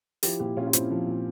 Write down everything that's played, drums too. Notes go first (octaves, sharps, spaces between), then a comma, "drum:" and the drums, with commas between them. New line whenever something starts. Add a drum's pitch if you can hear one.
F3 E4 G4, drum: open hi-hat
A#2 E4 G4
A#2 C#4 F4
F4
A#2 C4 E4, drum: hi-hat
F3
A#2